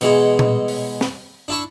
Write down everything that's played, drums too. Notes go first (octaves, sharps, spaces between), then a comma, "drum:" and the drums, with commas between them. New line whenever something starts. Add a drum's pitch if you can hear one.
B2 E3 G#3 F#4, drum: hi-hat
drum: tom A#2
drum: open hi-hat
drum: snare
D4 E4 C#6